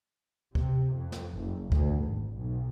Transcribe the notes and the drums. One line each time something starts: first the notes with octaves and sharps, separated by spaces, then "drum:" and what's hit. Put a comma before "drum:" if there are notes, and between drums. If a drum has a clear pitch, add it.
C3, drum: kick
F2
drum: snare
F#1
D2, drum: kick
G#1
B1